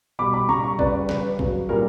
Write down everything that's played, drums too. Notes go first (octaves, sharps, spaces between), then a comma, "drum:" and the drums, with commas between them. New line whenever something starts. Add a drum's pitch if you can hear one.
B2 G3 B5 D6
B5 D6
C#3 G3 A#5 C#6
A#5 C#6
C#3 G3 B4 D5, drum: kick
B4
C#3 G3 B4, drum: snare
C#3 F#3, drum: kick
A#2 G3 A#4